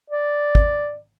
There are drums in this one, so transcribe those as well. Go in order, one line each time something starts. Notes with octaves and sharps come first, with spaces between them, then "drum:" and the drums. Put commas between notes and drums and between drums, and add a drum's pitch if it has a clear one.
D5
drum: kick